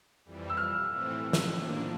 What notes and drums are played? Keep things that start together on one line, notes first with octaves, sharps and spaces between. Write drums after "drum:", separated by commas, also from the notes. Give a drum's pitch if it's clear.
F2 E3 G3
E6
F6
A2 E3 A3 C4
drum: snare
A2 F3 A#3 D4